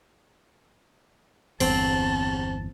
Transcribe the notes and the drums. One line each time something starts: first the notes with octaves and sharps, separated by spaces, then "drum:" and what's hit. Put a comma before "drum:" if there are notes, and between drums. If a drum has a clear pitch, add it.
G1 E2 C4 A5, drum: cymbal